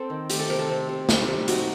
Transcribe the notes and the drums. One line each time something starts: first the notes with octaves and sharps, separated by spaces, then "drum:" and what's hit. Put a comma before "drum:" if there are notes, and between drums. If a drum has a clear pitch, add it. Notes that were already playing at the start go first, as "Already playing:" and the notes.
Already playing: C4 A4 G5
D#3
A3 G4, drum: hi-hat
A4
C3 A#4
A4
C4
C3
D#4, drum: snare
G3
D#4 F#4, drum: hi-hat